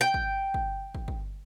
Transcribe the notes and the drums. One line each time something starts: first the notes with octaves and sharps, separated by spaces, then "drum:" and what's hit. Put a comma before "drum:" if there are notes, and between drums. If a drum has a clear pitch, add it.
G5
drum: kick
drum: kick
drum: kick
drum: kick